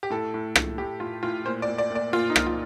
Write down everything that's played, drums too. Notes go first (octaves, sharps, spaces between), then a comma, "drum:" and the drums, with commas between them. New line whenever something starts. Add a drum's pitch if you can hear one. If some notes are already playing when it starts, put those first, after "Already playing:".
G4
A2 A4
A2
A2, drum: rim click
A2 G4
A2 F4
A2 F4
A#2 C5
D5
A#2
D5
A#2 D5
A#2 F4
D#4
A#2, drum: rim click
F4